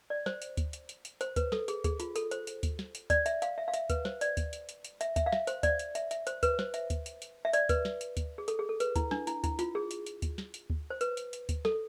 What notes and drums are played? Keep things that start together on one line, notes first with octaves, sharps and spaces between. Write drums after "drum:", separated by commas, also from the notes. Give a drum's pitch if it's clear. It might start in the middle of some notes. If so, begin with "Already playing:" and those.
D5
C5, drum: snare
drum: hi-hat
drum: kick D2, hi-hat
drum: hi-hat
drum: hi-hat
drum: hi-hat
C5, drum: hi-hat
B4, drum: kick D2, hi-hat
A4, drum: snare
G#4, drum: hi-hat
G#4, drum: kick D2, hi-hat
F4, drum: hi-hat
A4, drum: hi-hat
C5, drum: hi-hat
drum: hi-hat
drum: kick D2, hi-hat
drum: snare
drum: hi-hat
D5, drum: kick D2, hi-hat
E5, drum: hi-hat
F5, drum: hi-hat
E5
F5
E5, drum: hi-hat
B4, drum: kick D2, hi-hat
C5, drum: snare
D5, drum: hi-hat
drum: kick D2, hi-hat
drum: hi-hat
drum: hi-hat
drum: hi-hat
E5, drum: hi-hat
E5, drum: kick D2, hi-hat
F5
E5, drum: snare
C5, drum: hi-hat
D5, drum: kick D2, hi-hat
drum: hi-hat
E5, drum: hi-hat
E5, drum: hi-hat
C5, drum: hi-hat
B4, drum: kick D2, hi-hat
C5, drum: snare
E5, drum: hi-hat
drum: kick D2, hi-hat
drum: hi-hat
drum: hi-hat
E5
D5, drum: hi-hat
B4, drum: kick D2, hi-hat
drum: snare
drum: hi-hat
drum: kick D2, hi-hat
G#4
A4, drum: hi-hat
G#4
A4
B4, drum: hi-hat
E4, drum: kick D2, hi-hat
D4, drum: snare
E4, drum: hi-hat
E4, drum: kick D2, hi-hat
F4, drum: hi-hat
G#4
drum: hi-hat
drum: hi-hat
drum: kick D2, hi-hat
drum: snare
drum: hi-hat
drum: kick D2
C5
B4, drum: hi-hat
drum: hi-hat
drum: hi-hat
drum: kick D2, hi-hat
A4, drum: snare